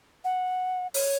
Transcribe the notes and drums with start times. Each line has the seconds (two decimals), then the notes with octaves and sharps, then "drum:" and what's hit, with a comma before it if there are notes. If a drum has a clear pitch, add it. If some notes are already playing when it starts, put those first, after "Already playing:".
0.24 F#5
0.94 C#5, drum: open hi-hat